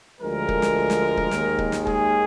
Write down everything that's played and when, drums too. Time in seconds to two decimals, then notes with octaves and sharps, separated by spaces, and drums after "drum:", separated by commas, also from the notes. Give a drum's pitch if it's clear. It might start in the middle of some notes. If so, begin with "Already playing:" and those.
0.21 D2 D3 F3 G#3 A#4
0.49 drum: kick
0.62 drum: snare
0.90 drum: snare
1.17 drum: kick
1.31 D#2 D#3 G#3, drum: snare
1.59 drum: kick
1.72 drum: snare
1.87 G#4, drum: kick